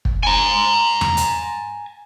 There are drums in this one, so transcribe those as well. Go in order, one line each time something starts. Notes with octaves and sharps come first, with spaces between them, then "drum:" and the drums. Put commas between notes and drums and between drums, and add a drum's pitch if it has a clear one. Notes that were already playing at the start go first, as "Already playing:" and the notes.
drum: kick
G#5 A#5
drum: tom E2
drum: hi-hat